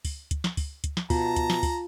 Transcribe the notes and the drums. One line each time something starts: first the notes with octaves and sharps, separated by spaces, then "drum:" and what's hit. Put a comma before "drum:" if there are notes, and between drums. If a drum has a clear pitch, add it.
drum: kick, open hi-hat
drum: kick, hi-hat
drum: snare
drum: kick, open hi-hat
drum: kick, hi-hat
drum: snare
B2 F4 A5 A#5, drum: kick, open hi-hat
drum: kick, hi-hat
drum: snare
drum: kick, open hi-hat